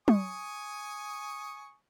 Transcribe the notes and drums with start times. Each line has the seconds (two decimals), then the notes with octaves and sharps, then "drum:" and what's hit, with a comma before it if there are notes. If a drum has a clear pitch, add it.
0.08 G#5 C#6 D#6, drum: tom